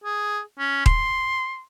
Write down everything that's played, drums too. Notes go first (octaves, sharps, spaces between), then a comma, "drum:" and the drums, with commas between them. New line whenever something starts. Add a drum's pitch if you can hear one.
G#4
C#4
C6, drum: kick D#1